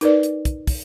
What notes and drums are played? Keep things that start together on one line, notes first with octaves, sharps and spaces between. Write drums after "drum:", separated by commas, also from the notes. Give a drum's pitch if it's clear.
D#4 A#4 B4 D5, drum: hi-hat
drum: hi-hat
drum: kick, hi-hat
drum: kick, open hi-hat